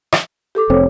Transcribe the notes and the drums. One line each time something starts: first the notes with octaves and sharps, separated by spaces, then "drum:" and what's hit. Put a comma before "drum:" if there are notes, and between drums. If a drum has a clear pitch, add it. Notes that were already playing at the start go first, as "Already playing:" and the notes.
drum: rim click
G4 A4 D6
F1 C4 C#5